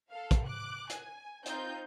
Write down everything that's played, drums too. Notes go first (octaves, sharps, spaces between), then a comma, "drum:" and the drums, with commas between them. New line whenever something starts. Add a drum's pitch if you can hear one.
A4 F5
drum: kick, hi-hat
D6 F#6
G#5, drum: hi-hat
C4 D#4 F4 G6, drum: hi-hat